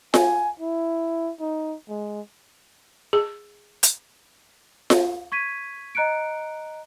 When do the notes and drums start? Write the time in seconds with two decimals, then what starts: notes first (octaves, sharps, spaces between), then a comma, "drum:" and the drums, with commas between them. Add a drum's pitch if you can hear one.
0.14 G#5, drum: snare F4
0.60 E4
1.40 D#4
1.89 G#3
3.13 G#4
3.83 drum: hi-hat
4.90 drum: snare F4
5.32 C#6 G#6 B6 D#7
5.95 D#5 A#5 F#6 C#7 D7